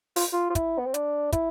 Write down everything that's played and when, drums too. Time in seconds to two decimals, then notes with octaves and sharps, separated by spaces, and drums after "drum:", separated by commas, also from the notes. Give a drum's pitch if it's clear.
0.16 F4, drum: open hi-hat
0.33 F4
0.50 F4
0.55 E4, drum: kick, hi-hat
0.78 B3
0.86 C4
0.94 D4, drum: hi-hat
1.32 E4, drum: kick, hi-hat